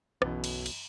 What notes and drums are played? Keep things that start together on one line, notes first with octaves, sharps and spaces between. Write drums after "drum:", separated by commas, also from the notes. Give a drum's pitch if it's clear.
B1 F#2 B2 E3, drum: rim click
drum: cymbal
drum: cymbal